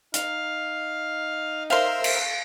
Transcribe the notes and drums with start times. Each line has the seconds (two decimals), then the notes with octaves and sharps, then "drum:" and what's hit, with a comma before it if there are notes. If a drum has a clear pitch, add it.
0.14 D#4 F5, drum: hi-hat
1.70 A#4 C5 E5 F5 C6
2.04 drum: cymbal